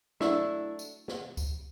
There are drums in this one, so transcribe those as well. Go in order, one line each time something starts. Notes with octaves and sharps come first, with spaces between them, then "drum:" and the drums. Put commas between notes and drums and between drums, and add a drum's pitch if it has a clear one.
F#3 A3 D4 E4, drum: snare
drum: tambourine
drum: snare
drum: kick C#2, tambourine